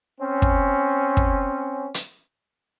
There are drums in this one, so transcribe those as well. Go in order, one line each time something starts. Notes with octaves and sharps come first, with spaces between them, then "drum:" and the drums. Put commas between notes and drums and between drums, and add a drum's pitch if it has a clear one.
C4 C#4
drum: kick
drum: kick
drum: hi-hat